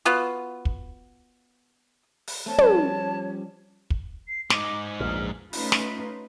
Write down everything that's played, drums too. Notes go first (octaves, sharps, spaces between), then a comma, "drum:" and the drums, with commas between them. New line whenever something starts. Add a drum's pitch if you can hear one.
B3 F4 F#4, drum: hi-hat
drum: kick
drum: open hi-hat
A3 C4 C#5 A5
F3 G3 C#4, drum: tom
drum: kick
C7
G#2 D#4 D6, drum: snare
A#1 E2 A#2 F6
A3 C#4 D#4 F4 B4, drum: open hi-hat
drum: snare